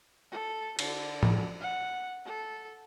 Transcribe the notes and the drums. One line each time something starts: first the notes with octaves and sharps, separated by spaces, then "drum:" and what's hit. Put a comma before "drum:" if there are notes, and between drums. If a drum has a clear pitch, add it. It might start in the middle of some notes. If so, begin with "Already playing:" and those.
A4
D3, drum: cymbal
drum: tom
F#5
A4